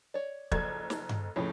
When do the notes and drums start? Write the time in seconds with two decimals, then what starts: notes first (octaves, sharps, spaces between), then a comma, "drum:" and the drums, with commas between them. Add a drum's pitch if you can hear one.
0.14 C#5 D5
0.52 F#1 F3 A4 D5 G#6, drum: kick
0.90 drum: snare
1.09 drum: tom G2
1.36 F2 A2 C#3 B4 C#5